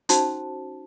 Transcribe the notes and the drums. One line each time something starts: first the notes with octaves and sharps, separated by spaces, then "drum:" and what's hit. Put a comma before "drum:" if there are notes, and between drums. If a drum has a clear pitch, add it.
C#4 D#4 F#4 C5 A5, drum: hi-hat